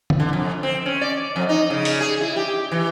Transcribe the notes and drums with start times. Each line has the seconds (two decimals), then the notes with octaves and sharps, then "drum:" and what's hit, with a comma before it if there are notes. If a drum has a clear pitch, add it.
0.10 drum: tom D3
0.20 D3
0.33 F2
0.63 C4
0.86 C#4
1.01 D5
1.36 F2
1.49 D#4
1.70 C#3
1.85 drum: open hi-hat
2.01 G#4
2.21 E4
2.36 G4
2.72 E3